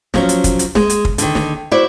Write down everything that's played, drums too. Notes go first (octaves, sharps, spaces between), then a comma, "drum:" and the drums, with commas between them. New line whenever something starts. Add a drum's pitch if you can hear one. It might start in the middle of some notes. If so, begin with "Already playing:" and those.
F3 F#3 C#4, drum: snare
drum: hi-hat
drum: kick, hi-hat
drum: hi-hat
G#3, drum: snare
drum: hi-hat
drum: kick
D3 D#3, drum: hi-hat
drum: snare
E4 F#4 C5 D5